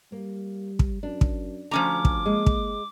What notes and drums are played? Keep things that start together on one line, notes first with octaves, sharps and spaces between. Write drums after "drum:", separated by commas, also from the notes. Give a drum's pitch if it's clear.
G3 A#3
drum: kick
F#2 D4
drum: kick
D2 F3 C#4 A#5 D6
drum: kick
G#3 A#3
drum: kick